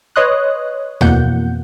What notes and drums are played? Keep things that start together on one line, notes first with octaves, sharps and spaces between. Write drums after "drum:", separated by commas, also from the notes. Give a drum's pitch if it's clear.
B4 C#5 D#5 C6 D#6 F#6
F2 B2 E3 A#3 F#5 G6, drum: tom D#2